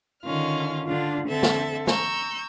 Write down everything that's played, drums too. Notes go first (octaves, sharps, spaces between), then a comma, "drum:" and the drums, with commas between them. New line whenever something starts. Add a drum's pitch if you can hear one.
D3 D#3 C#4 F4 F6
D3 D4 F4
D3 C4 A4 E5
drum: snare
A#5 C#6 E6 G6, drum: snare